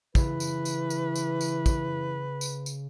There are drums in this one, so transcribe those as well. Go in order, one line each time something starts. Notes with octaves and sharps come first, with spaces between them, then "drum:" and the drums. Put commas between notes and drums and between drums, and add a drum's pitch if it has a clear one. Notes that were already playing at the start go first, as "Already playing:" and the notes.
C#3 E3 B4, drum: kick, tambourine
drum: tambourine
drum: tambourine
drum: tambourine
drum: tambourine
drum: tambourine
drum: kick, tambourine
drum: tambourine
drum: tambourine